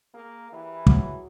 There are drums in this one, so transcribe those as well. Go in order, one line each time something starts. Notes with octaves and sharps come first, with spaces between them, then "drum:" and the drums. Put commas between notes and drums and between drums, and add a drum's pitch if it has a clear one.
A#3 G#4 A#4
E3 G3 E4 G4
F#3 G#4, drum: kick